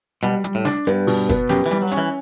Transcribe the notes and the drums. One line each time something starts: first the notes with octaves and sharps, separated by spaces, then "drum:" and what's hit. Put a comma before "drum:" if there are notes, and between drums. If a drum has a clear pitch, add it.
B2 G3, drum: hi-hat
G3, drum: hi-hat
A2
D4, drum: snare
G2 B3, drum: hi-hat
B2, drum: open hi-hat
B3, drum: kick F#1, hi-hat
F#2 G4, drum: snare
E3
G3, drum: hi-hat
F#3
C#4, drum: hi-hat
E3